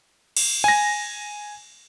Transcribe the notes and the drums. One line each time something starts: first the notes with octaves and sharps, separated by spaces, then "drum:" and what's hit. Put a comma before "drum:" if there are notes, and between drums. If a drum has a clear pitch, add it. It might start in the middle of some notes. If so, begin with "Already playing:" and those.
drum: cymbal
G#5 A#6